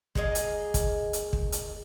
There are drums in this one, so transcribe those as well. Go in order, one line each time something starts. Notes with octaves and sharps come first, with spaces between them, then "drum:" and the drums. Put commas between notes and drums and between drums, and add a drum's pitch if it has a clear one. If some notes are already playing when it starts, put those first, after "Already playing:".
G#3 A#3 G#4 D#5, drum: kick
drum: hi-hat
drum: kick, hi-hat
drum: hi-hat
drum: kick
drum: hi-hat